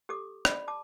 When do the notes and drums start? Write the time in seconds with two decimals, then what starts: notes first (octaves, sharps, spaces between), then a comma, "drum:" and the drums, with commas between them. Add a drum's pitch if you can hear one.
0.09 G4 A4 D6
0.45 D5 B5, drum: rim click
0.68 A5 D6